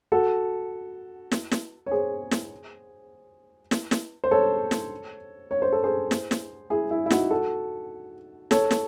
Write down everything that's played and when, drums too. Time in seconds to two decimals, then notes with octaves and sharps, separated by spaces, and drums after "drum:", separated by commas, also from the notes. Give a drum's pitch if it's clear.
0.12 F#4 A4
1.31 drum: snare
1.51 drum: snare
1.86 C#5
1.91 G#4 C5
2.31 drum: snare
3.71 drum: snare
3.91 drum: snare
4.24 C5
4.31 A4 C#5
4.71 drum: snare
5.51 C#5
5.62 C5
5.72 A4
5.84 G#4 C5
6.11 drum: snare
6.31 drum: snare
6.70 E4 G#4
6.91 E4
7.06 E4
7.10 D#4 F#4, drum: snare
7.31 F#4 A4
8.51 A4 C#5, drum: snare
8.71 drum: snare